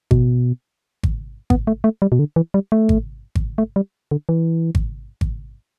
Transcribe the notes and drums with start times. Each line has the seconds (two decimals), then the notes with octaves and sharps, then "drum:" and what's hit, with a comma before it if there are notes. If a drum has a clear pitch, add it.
0.11 B2, drum: kick G#1
1.03 drum: kick G#1
1.50 B3, drum: kick G#1
1.67 A3
1.84 A3
2.02 G3
2.12 B2
2.19 D3
2.36 E3
2.54 G3
2.72 A3
2.89 drum: kick G#1
3.35 drum: kick G#1
3.58 A3
3.76 G3
4.11 D3
4.29 E3
4.75 drum: kick G#1
5.21 drum: kick G#1